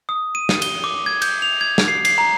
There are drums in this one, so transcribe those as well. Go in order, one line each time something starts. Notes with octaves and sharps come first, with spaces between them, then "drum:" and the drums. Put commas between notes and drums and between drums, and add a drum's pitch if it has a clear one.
D#6
D#7
drum: snare
G7, drum: cymbal
D6
G#6
G6, drum: cymbal
F7
G#6
drum: snare
C7
C7, drum: cymbal
A#5